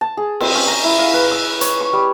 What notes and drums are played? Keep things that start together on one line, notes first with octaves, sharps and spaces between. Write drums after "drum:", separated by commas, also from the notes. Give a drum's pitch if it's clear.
A5
G#4
C4, drum: cymbal
C#4
A#5
E4
F5
B4
E6
C#5, drum: hi-hat
C#6
G3